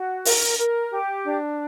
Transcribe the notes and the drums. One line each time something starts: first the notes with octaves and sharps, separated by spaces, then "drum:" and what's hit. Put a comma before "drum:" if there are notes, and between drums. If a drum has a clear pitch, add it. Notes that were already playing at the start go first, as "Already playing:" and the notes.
Already playing: F#4
A#4, drum: open hi-hat
A#4
G4
D4